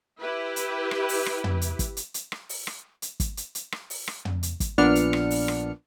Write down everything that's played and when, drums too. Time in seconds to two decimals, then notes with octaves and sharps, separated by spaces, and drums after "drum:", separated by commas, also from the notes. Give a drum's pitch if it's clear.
0.20 E4 G4 B4
0.56 drum: hi-hat
0.91 drum: rim click
1.09 drum: open hi-hat
1.26 drum: rim click
1.44 drum: tom
1.61 drum: hi-hat
1.79 drum: kick, hi-hat
1.97 drum: hi-hat
2.14 drum: hi-hat
2.32 drum: rim click
2.49 drum: open hi-hat
2.67 drum: rim click
3.02 drum: hi-hat
3.20 drum: kick, hi-hat
3.37 drum: hi-hat
3.55 drum: hi-hat
3.72 drum: rim click
3.90 drum: open hi-hat
4.08 drum: rim click
4.25 drum: tom
4.43 drum: hi-hat
4.60 drum: kick, hi-hat
4.78 A#1 A#2 B3 D4 F6 C#7
4.95 drum: hi-hat
5.13 drum: rim click
5.31 drum: open hi-hat
5.48 drum: rim click